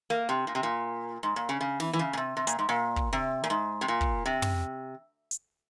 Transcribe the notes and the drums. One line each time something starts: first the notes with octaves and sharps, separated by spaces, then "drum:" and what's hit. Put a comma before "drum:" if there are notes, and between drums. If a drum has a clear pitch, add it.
A#3
C3
A#2
C3
A#2
G#2
A#2
C#3
C#3
E3, drum: snare
E3
C#3
A#2
C3
C3
A#2, drum: hi-hat
G#2
A#2
drum: kick
C3
A#2
G#2
C3
A#2
drum: kick
C3
drum: tom
drum: hi-hat